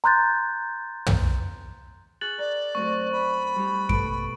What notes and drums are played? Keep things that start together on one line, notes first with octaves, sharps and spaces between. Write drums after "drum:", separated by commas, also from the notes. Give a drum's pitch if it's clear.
A#5 C6 F#6 G6 A6
drum: tom
G#4 C#6 F6 F#6 A6 F#7
A#4 D5
F#2 A3 C4 C#6
B5
G3 D#4 G4
B2 A3 A4 D7, drum: kick F#2